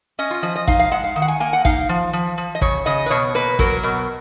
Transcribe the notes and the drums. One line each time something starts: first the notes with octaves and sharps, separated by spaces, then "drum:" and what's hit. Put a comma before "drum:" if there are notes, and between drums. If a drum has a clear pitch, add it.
C#4 D#5
F4
F3 D#5
D#5
D#4 F5, drum: kick A1
F5
G#3 F#5
F5
D#3
F#5
G#5
A#3 G#5
F#5
D#4 F5, drum: kick A1
F3
F3
F3
D#5
C#3 C#5, drum: kick A1
C#3 D#5
B4
B2 C#5
A#3 B4
F#3 A#4, drum: kick A1
B2